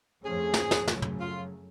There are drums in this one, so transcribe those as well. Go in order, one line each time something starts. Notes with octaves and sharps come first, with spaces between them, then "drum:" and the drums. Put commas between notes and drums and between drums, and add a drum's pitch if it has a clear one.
F2 F3 A3 C#4 G#4
drum: snare
drum: snare
F#2 C#3 F#3 A3 C#4, drum: snare
drum: tom
F4